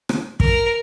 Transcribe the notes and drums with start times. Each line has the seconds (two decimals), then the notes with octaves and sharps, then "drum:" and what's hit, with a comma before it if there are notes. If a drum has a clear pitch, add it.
0.09 drum: rim click
0.40 A#4, drum: kick